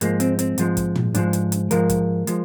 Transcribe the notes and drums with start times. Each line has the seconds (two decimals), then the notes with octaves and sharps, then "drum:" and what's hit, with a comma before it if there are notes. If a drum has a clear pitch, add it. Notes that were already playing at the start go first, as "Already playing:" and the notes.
0.01 G#2 F3 G#3 A#3, drum: hi-hat
0.20 C4, drum: hi-hat
0.39 C4, drum: hi-hat
0.58 G#2 F3 G#3, drum: hi-hat
0.77 drum: kick, hi-hat
0.96 drum: tom
1.15 G#2 F3 G#3 D4, drum: hi-hat
1.33 drum: hi-hat
1.52 drum: hi-hat
1.71 G#2 F3 G#3 A#4, drum: hi-hat
1.89 drum: kick, hi-hat
2.27 F3 G#3, drum: hi-hat